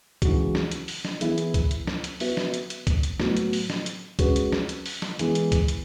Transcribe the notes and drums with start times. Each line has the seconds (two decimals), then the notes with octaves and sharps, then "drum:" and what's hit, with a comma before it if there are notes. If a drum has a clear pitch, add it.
0.22 C#3 E3 G#3 D#4 F#4, drum: kick, hi-hat
0.55 drum: snare
0.71 drum: hi-hat
0.88 drum: open hi-hat
1.05 drum: snare
1.21 E3 B3 E4 G#4, drum: hi-hat
1.38 drum: hi-hat
1.54 drum: kick, hi-hat
1.71 drum: hi-hat
1.87 drum: snare
2.04 drum: hi-hat
2.20 B3 F#4 B4 E5, drum: open hi-hat
2.37 drum: snare
2.54 drum: hi-hat
2.70 drum: hi-hat
2.87 drum: kick, hi-hat
3.03 drum: hi-hat
3.20 A2 F#3 B3 F#4, drum: snare
3.37 drum: hi-hat
3.53 drum: open hi-hat
3.70 drum: snare
3.86 drum: hi-hat
4.19 G#3 C#4 F#4 B4, drum: kick, hi-hat
4.36 drum: hi-hat
4.52 drum: snare
4.69 drum: hi-hat
4.86 drum: open hi-hat
5.02 drum: snare
5.19 E3 G#3 B3, drum: hi-hat
5.35 drum: hi-hat
5.52 drum: kick, hi-hat
5.68 drum: hi-hat